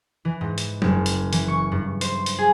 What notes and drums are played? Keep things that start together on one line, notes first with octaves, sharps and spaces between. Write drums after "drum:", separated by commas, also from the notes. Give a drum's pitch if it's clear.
E3
G#2
drum: hi-hat
F#1, drum: tom F#3
drum: hi-hat
E3, drum: hi-hat
C#6
G2
C5, drum: hi-hat
drum: hi-hat
G#4